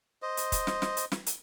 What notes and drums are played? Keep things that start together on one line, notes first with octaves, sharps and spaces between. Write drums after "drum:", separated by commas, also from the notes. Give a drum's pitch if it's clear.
C5 D#5
drum: hi-hat
drum: kick, hi-hat
drum: snare
drum: snare
drum: hi-hat
drum: snare
drum: hi-hat